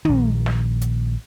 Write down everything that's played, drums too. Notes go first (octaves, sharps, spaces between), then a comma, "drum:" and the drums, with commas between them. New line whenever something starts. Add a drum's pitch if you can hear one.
A#1 D#3, drum: tom
drum: snare
drum: hi-hat